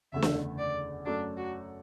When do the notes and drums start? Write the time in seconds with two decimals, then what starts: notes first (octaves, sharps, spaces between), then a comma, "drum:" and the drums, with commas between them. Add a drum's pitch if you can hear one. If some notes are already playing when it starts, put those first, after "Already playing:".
0.12 F#1 E2 D3 A3 E5
0.22 drum: snare
0.58 D5
1.05 F#2 F#3 A3 D4
1.37 F#4